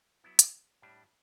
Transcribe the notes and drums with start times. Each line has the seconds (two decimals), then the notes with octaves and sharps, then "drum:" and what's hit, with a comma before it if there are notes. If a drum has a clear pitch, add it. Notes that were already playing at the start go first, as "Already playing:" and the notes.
0.24 F#3 B3 E4
0.39 drum: hi-hat
0.82 A2 G3 D4